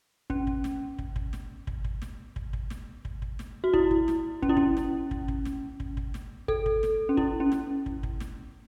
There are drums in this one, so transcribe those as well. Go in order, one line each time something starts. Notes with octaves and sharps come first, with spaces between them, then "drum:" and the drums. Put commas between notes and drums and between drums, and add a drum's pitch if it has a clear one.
C#4, drum: kick
drum: kick
drum: snare
drum: kick
drum: kick
drum: snare
drum: kick
drum: kick
drum: snare
drum: kick
drum: kick
drum: snare
drum: kick
drum: kick
drum: snare
F#4
E4, drum: kick
drum: kick
drum: snare
C#4, drum: kick
E4
C#4, drum: kick
drum: snare
drum: kick
drum: kick
drum: snare
drum: kick
drum: kick
drum: snare
A4, drum: kick
drum: kick
drum: snare
C#4
E4, drum: kick
C#4
drum: snare
drum: kick
drum: kick
drum: snare